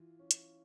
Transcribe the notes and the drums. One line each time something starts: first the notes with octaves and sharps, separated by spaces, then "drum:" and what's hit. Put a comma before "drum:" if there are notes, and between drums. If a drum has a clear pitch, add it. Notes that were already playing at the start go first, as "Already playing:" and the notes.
Already playing: E3 F4
C#4
drum: hi-hat